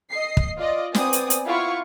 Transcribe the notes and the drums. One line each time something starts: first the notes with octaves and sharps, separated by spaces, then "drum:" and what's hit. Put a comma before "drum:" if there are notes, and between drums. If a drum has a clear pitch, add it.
D#5 C7
drum: kick
F4 D5 D#5
B3 C4 D5 G#5 D#6, drum: snare
drum: hi-hat
drum: hi-hat
E4 F4 F5 F#5 C#6